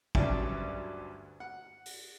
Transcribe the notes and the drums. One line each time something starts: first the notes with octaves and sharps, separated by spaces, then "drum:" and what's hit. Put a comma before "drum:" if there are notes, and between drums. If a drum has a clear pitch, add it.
D2 G2 F#3 C#4 D5 E5, drum: kick
F#5
drum: open hi-hat